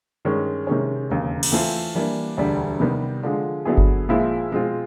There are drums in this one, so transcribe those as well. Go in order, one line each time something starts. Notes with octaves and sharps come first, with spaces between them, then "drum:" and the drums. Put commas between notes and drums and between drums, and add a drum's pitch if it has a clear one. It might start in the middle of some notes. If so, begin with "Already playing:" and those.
G2 D#3 G#3 C#4
C3 D#3 G#3 C#4
E1 D#2 C#3
drum: cymbal
E3 A3 C4 F4 A4
E3 G3 A#3 D4
E1 D2 D3 G3
C3 D#3 G3 B3
D3 F3 G#3
D3 F#3 B3 E4 G#4
drum: kick G1
A#2 F3 G#3 C4 E4
B2 G#3 C4 F4